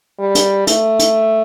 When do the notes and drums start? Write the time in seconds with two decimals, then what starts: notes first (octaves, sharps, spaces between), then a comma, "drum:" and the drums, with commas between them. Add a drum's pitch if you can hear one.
0.19 G3
0.35 drum: hi-hat
0.67 A3, drum: hi-hat
0.99 drum: hi-hat